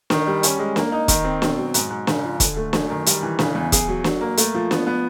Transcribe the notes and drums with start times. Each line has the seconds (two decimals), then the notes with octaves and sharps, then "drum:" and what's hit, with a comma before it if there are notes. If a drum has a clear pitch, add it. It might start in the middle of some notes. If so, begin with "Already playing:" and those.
0.10 D#3, drum: snare
0.27 G3
0.43 C#4, drum: hi-hat
0.59 G#3
0.76 A#3, drum: snare
0.92 D#4
1.08 D#3, drum: kick, hi-hat
1.24 C4
1.42 B2, drum: snare
1.58 F#3
1.74 G#2, drum: hi-hat
1.90 G#2
2.07 C#3, drum: snare
2.24 F3
2.40 D3, drum: kick, hi-hat
2.56 A3
2.73 F#2, drum: snare
2.90 D#3
3.06 G3, drum: hi-hat
3.23 E3
3.39 C#3, drum: snare
3.55 E2
3.72 G#4, drum: kick, hi-hat
3.88 F#3
4.04 F#3, drum: snare
4.21 A#3
4.37 A3, drum: hi-hat
4.54 F3
4.71 B3, drum: snare
4.87 B3